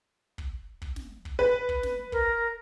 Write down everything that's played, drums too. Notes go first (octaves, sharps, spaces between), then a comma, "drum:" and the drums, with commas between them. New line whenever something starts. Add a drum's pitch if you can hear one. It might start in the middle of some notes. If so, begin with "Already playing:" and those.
drum: kick
drum: kick
drum: snare
drum: kick
B4
drum: kick
drum: snare
A#4, drum: kick